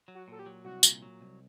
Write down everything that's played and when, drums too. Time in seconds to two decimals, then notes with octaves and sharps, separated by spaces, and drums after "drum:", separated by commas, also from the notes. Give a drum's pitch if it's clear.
0.08 F#3
0.15 F#4
0.28 A#2 A4
0.39 G4
0.46 F#3
0.64 C2 F#4
0.83 A#2, drum: tambourine
1.02 F#3
1.21 C2